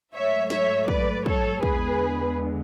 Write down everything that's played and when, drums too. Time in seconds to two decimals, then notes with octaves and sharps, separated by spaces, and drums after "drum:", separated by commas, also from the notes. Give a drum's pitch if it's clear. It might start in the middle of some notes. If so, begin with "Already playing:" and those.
0.13 G#2 F#3 A3 C#5 E5
0.50 C#5 E5, drum: snare
0.88 B4 D5, drum: kick
1.26 A4 C#5, drum: kick
1.63 E2 D3 G#3 B3 G#4 B4, drum: kick